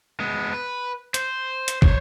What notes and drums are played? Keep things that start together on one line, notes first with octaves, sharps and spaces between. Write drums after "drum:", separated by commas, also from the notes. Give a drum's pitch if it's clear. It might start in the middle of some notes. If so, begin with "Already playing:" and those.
G#3 B3
B4
C5, drum: hi-hat
drum: hi-hat
C5 C#5, drum: kick